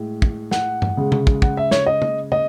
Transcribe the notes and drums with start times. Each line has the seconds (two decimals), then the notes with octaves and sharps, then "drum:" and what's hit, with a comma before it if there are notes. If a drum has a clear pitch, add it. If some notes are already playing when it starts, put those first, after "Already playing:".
Already playing: A2 G#3
0.22 drum: kick
0.51 F#5, drum: snare
0.82 drum: tom G2
0.97 C#3 G#3
1.12 drum: tom C3
1.27 drum: kick
1.42 F#5, drum: kick
1.57 E5
1.71 C#5, drum: snare
1.86 D#5
2.02 drum: tom
2.32 D#5, drum: tom